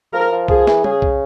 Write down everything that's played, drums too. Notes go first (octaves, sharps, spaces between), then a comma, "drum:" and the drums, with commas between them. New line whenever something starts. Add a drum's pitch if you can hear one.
F3 A#4
F3
F3 G#4, drum: kick C2
E3, drum: snare
C#3 G#4, drum: tom
drum: kick C2